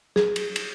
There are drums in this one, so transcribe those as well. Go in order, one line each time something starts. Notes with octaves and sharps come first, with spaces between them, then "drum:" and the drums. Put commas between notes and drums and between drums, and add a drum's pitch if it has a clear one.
G#4, drum: snare
drum: cymbal
drum: cymbal